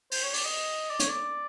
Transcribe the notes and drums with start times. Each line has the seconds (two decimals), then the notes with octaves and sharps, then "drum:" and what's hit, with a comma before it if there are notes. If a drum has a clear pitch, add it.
0.12 C5, drum: open hi-hat
0.23 C#5
0.34 D5, drum: open hi-hat
0.45 D#5
0.91 D5
1.00 C#5, drum: hi-hat
1.09 D5